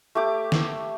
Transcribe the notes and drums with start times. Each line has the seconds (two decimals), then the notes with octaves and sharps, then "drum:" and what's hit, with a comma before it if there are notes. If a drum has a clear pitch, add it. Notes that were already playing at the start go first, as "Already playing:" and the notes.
0.15 A3 G4 D6
0.52 drum: snare